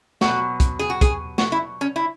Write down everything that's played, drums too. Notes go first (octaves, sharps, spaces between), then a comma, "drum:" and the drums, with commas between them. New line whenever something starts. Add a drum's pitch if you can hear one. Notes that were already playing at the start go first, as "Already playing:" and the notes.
B2 F#3 F#4, drum: snare
drum: kick, hi-hat
G#4
F#4
G#4, drum: kick, hi-hat
F#4, drum: snare
E4
C#4
E4